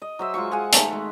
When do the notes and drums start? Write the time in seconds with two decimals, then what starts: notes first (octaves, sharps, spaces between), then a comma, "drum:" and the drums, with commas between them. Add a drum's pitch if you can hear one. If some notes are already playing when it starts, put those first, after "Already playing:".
0.02 D#5
0.19 F#3 C5 E5
0.34 G#3 F4 C5 C#6
0.51 G#4 F5 F#5 G#5
0.72 D#3 A3 B5, drum: hi-hat
0.92 G#3